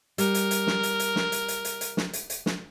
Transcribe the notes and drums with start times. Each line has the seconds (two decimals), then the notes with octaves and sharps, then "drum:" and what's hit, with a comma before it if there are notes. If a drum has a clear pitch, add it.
0.18 G3 A#4, drum: hi-hat
0.34 drum: hi-hat
0.51 drum: hi-hat
0.67 drum: snare
0.83 drum: hi-hat
1.00 drum: hi-hat
1.16 drum: snare
1.32 drum: hi-hat
1.48 drum: hi-hat
1.65 drum: hi-hat
1.81 drum: hi-hat
1.97 drum: snare
2.13 drum: hi-hat
2.30 drum: hi-hat
2.46 drum: snare